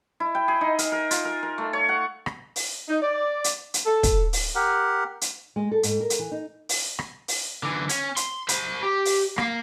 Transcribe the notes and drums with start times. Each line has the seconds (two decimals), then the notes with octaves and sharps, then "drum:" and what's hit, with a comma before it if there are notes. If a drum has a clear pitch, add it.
0.20 E4
0.35 G5
0.48 G#4
0.61 D#4
0.78 A#4, drum: hi-hat
0.92 A#4
1.11 F4, drum: hi-hat
1.25 A#4
1.43 A#4
1.58 A3
1.73 C#5
1.89 F#5
2.26 drum: rim click
2.56 drum: open hi-hat
2.88 D#4
3.01 D5
3.44 drum: hi-hat
3.74 drum: hi-hat
3.86 A4
4.03 drum: kick, hi-hat
4.33 drum: open hi-hat
4.55 G4 A#4 F#5
5.21 drum: hi-hat
5.56 G#3
5.71 A4
5.83 G#2, drum: hi-hat
6.00 A#4
6.10 drum: hi-hat
6.19 E3
6.31 D#4
6.69 drum: open hi-hat
6.99 drum: rim click
7.28 drum: open hi-hat
7.63 D3 E3
7.89 C#4, drum: hi-hat
8.16 C6, drum: hi-hat
8.49 C5 B5, drum: hi-hat
8.83 G4
9.05 drum: open hi-hat
9.38 A#3 F5, drum: rim click